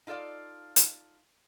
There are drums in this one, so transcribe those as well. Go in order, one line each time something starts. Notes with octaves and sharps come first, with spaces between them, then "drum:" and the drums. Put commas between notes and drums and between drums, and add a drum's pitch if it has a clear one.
D#4 F4 A4 D5 F5
drum: hi-hat